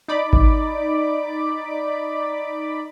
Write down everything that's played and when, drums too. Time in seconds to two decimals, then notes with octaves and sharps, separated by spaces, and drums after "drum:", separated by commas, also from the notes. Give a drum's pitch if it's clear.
0.08 D#4 D5 B5 D6
0.33 drum: kick G#1